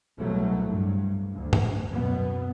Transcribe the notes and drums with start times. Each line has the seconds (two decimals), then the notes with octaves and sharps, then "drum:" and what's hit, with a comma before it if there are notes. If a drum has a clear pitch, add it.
0.19 C2 B2 F#3 A3
0.67 G2
1.33 D2
1.53 drum: tom G2
1.93 F#2 B2 B3